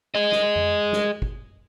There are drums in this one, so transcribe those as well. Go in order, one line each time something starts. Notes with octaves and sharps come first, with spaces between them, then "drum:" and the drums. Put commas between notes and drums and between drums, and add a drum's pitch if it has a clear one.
G#4 D#5
drum: snare
drum: tom F2
drum: snare
drum: kick